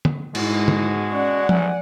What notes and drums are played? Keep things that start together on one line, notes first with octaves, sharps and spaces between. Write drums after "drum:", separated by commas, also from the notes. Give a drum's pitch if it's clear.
drum: tom D3
G#2 B2 G#3 E4 F#4, drum: cymbal
drum: tom D3
C#4 D5 F#5
A1 E2 G#5, drum: tom F3